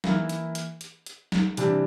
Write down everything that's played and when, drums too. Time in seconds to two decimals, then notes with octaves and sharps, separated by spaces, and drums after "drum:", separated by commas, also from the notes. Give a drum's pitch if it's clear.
0.04 E3 A#3 E4 A#4, drum: snare
0.29 drum: hi-hat
0.55 drum: hi-hat
0.81 drum: hi-hat
1.06 drum: hi-hat
1.32 drum: snare
1.57 C3 E3 G3 D4, drum: hi-hat